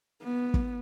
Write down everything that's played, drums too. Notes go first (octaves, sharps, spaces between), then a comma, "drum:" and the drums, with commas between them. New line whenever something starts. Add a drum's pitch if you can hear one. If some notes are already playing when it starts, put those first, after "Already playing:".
B3
drum: kick